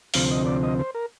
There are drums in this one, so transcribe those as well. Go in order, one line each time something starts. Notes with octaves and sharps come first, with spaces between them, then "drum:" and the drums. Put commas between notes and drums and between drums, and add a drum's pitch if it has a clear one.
D2 C3 F3 C4 F5, drum: open hi-hat
D#5
D5
D#5
C5
A#4